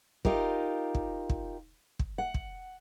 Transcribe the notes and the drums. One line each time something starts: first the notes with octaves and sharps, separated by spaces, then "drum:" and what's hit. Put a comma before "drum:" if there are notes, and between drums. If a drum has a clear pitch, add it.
D#4 F4 G4 A#4, drum: kick
drum: kick
drum: kick
drum: kick
F#5
drum: kick